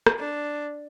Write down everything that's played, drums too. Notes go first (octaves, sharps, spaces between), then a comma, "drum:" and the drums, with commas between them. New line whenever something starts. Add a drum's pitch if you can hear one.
drum: rim click
D4